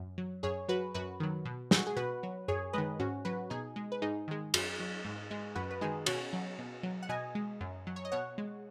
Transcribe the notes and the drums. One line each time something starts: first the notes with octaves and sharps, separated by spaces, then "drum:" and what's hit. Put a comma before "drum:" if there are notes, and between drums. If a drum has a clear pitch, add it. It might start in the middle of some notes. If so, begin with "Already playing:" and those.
Already playing: F#2
F#3
F#2 G#4 C#5
F#3 F#4 B4
F#2 F#4 B4
D#3 F#3
B2
G#3, drum: snare
F#4
G#4
B2 F#4 B4
F#3
F#2 G#4 C#5
D#3 G#3 B4 D#5
G#2 C#4 F#4
F#3 F#4 B4
B2 D#4 G#4
G#3
B4
G#2 D#4 G#4
D#3 G#3
F#2, drum: cymbal
F#3
G#2
G#3
F#2 F#4 B4
B4
D#3 G#3 D#4 G#4
B2 C#4 F#4, drum: cymbal
F#3
B2
F#3
F#5
B2 D#5 G#5
G#3
F#2
F#3
C#5
D#5
B2 C#5 F#5
G#3